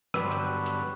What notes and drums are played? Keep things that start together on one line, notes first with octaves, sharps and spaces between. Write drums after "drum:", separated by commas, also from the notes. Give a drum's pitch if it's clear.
G2 D3 F#3 B3 B4, drum: rim click
C5
G4, drum: hi-hat
F#4
drum: hi-hat